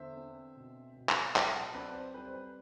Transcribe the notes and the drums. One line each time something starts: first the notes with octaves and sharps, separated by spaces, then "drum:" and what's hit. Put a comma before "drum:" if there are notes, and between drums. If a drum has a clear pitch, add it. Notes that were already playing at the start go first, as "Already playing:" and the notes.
Already playing: E2 D3 C5 E5
C4
B2
B2
drum: clap
F#3 E5 G5, drum: clap
F#5 A5
C4 B4 D5
C5
G3 B4
C5
B4